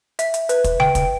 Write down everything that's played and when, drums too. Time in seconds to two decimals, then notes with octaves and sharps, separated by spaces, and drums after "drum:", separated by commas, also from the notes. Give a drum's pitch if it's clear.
0.19 E5, drum: hi-hat
0.34 drum: hi-hat
0.49 B4, drum: hi-hat
0.64 drum: kick, hi-hat
0.80 G5, drum: tom C#3
0.95 drum: kick, hi-hat